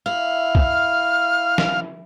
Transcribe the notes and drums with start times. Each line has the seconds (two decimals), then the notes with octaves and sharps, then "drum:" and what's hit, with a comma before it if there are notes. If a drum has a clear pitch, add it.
0.06 E4 F5
0.55 drum: kick
0.67 F6
1.58 drum: snare